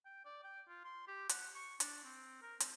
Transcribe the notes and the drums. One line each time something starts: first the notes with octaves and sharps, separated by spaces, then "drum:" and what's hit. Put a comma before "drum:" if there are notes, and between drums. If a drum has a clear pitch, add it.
G5
D5
G5
F4
C6
G4
F#5, drum: hi-hat
C#6
D4, drum: hi-hat
C4
A#4
C4, drum: hi-hat